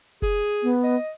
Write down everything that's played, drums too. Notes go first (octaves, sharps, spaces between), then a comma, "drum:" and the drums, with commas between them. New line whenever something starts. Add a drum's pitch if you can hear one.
G#4, drum: kick F1
B3
D#5